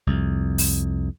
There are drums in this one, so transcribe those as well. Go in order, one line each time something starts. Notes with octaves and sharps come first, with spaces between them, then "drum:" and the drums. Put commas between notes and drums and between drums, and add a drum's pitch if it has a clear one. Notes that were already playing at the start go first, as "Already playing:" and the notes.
C2 F2
drum: open hi-hat